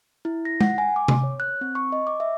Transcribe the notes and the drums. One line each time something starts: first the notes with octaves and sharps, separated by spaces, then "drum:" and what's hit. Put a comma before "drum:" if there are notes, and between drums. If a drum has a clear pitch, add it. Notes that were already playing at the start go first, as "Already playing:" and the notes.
E4
A#6
F#5, drum: tom
G#5
D6
drum: tom C3
C#5
F#6
C4
C#6
D#5
D6
E5